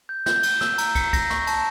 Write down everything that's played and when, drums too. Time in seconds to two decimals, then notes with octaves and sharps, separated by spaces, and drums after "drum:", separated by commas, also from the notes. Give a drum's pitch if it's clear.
0.09 G6
0.26 G6, drum: snare
0.43 G7, drum: cymbal
0.61 E6, drum: snare
0.78 A#5, drum: cymbal
0.95 C#7, drum: kick, cymbal
1.13 A#6, drum: kick, cymbal
1.30 C#6, drum: snare
1.47 A5, drum: cymbal